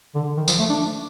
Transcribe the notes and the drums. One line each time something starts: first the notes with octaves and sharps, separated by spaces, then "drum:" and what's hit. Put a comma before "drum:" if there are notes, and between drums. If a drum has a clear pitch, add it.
D3
D#3
F3, drum: tambourine
A3
D4